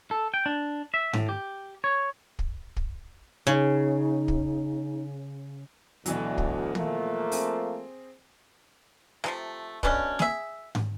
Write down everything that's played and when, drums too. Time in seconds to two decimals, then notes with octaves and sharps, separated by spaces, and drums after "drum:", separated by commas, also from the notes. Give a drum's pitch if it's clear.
0.11 A4
0.34 G5
0.46 D4
0.94 E5
1.13 A2, drum: tom G#2
1.29 G4
1.84 C#5
2.39 drum: kick
2.77 drum: kick
3.47 C#3 D#4
4.28 drum: kick
6.06 D2 B2 E3 F#3, drum: hi-hat
6.38 drum: kick
6.75 F3 A3 A#3, drum: tom
7.32 C4 G#4, drum: open hi-hat
9.24 C3 F3 A3, drum: rim click
9.83 B2 A3 C#4 D4, drum: kick
10.19 G#4 E5, drum: snare
10.75 drum: tom G#2